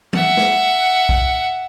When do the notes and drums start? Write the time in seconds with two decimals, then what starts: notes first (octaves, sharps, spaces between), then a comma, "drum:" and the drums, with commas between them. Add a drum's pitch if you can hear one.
0.13 E5 F#5, drum: tom E3
0.37 drum: snare
1.09 drum: kick B1